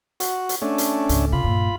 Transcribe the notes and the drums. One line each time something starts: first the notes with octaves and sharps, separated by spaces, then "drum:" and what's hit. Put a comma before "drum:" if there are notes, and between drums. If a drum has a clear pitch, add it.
F#4, drum: hi-hat
drum: hi-hat
A3 C#4 D4
drum: hi-hat
C#2 G#2, drum: hi-hat
C3 F4 B5
G2 A#2